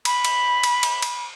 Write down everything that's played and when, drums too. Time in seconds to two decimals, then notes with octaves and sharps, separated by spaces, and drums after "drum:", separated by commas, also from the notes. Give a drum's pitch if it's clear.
0.05 B5, drum: cymbal
0.25 drum: cymbal
0.63 drum: cymbal
0.83 drum: cymbal
1.02 drum: cymbal